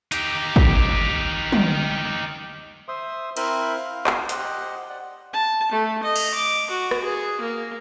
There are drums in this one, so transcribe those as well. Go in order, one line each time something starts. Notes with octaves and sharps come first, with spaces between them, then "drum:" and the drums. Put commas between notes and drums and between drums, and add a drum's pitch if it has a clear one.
D#4 G4, drum: hi-hat
drum: kick
drum: tom
C5 E5 C6 D#6
C4 E4 A#4 C5 E5 B5, drum: cymbal
F5
drum: clap
G4 C5 D#5 F#5, drum: hi-hat
D5 F#5
A5
A3
D#5
drum: cymbal
D6
F#4
drum: rim click
G#4
A#3